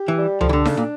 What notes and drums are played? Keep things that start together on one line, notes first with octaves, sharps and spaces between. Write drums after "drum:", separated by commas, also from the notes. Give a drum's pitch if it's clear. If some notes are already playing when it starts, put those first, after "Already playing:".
Already playing: G4
E3
G3
F3 A4, drum: tom C#2
E3
D3
C#3 D4, drum: snare D#4
A#2